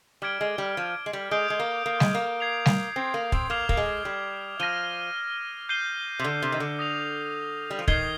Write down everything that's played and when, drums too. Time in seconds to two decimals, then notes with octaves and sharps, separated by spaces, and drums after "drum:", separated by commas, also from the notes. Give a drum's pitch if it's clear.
0.22 G3 D6 F6 G#6 D7 G7
0.41 G#3
0.58 G3
0.77 F3
1.06 G#3
1.13 G3
1.31 G#3 D#6 G6 D7 G7
1.50 G#3
1.59 A#3
1.86 A#3
2.00 G#3, drum: snare G3
2.15 A#3
2.40 G#6 C7 F7
2.66 drum: snare G3
2.96 C4
3.14 A#3
3.32 C4, drum: kick
3.50 A#3 D6 F6 G#6 C7 F7
3.69 A#3, drum: kick
3.77 G#3
4.05 G3
4.59 F3 F6 A#6 D#7 G7
5.69 G6 C7 D#7 G7
6.19 C3
6.24 D3
6.42 C3
6.52 D#3
6.60 D3
6.79 D#6 A#6 F7
7.70 G3
7.79 F3
7.88 D#3 G#6 C7 G7, drum: kick